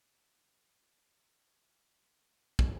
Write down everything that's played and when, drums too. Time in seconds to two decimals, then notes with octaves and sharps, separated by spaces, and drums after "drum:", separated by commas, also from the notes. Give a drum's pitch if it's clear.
0.22 B3 D4
1.40 C4 G#4 B4 D5 D#6
2.59 drum: kick